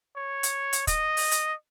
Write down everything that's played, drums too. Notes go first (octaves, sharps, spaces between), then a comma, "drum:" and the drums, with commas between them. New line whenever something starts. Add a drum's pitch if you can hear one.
C#5
drum: hi-hat
drum: hi-hat
D#5, drum: kick, hi-hat
drum: open hi-hat
drum: hi-hat